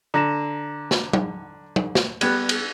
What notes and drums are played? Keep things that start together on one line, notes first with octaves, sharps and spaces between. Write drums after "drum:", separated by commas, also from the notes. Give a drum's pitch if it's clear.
D3 A#5 A#6 E7
drum: snare
drum: tom F#3
drum: tom F#3
drum: snare
G3 B3 F#6 G#6, drum: cymbal
drum: cymbal